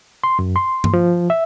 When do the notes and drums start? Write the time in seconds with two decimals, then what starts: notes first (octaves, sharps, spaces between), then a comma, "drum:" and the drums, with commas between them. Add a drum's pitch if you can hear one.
0.24 C6
0.39 F#2
0.56 C6
0.84 drum: tom G2
0.94 F3
1.30 E5